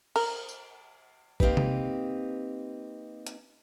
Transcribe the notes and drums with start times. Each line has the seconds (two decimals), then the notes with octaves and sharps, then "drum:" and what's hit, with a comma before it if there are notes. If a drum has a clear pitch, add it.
0.16 A#4, drum: cymbal
0.49 drum: tambourine
1.40 A#3 C4 D#4 G4 B4, drum: kick
1.57 drum: tom C3
3.27 drum: hi-hat